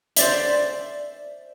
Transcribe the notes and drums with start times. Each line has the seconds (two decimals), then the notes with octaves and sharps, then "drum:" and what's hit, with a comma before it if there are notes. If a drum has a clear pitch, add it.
0.16 C5 D5 E5, drum: hi-hat